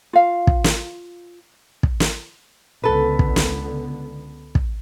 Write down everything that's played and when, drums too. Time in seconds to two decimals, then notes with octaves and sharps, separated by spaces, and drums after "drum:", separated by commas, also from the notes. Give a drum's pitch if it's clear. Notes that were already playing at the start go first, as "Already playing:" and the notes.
0.13 F4 F5
0.47 drum: kick
0.64 drum: snare
1.83 drum: kick
2.00 drum: snare
2.84 C#2 D3 B3 A4 B4
3.19 drum: kick
3.36 drum: snare
4.55 drum: kick